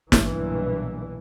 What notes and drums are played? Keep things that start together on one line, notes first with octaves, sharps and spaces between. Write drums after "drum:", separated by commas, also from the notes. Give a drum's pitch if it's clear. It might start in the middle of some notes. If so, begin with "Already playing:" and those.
B1 G2 A#2 E3, drum: snare